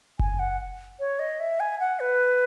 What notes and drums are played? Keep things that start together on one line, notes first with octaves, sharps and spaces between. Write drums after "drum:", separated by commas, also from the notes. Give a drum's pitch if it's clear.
G#5, drum: kick F#1
F#5
C#5
D#5
E5
G#5
F#5
B4